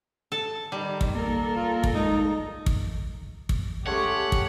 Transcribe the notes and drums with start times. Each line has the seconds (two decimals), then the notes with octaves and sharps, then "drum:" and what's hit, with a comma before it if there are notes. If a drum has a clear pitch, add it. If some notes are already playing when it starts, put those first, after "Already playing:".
0.32 A4 A5
0.72 D#3 G3
1.01 drum: kick
1.15 A#3 A4 A#4
1.56 F4
1.84 drum: kick
1.95 G#3 D#4
2.66 drum: kick
3.49 drum: kick
3.87 G#3 A3 C#4 G4 C#5 F#5
4.32 drum: kick